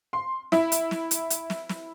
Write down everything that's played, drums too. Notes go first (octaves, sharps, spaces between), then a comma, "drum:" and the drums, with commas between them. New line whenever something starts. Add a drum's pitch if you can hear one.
C6
E4, drum: snare
drum: hi-hat
drum: snare
drum: hi-hat
drum: hi-hat
drum: snare
drum: snare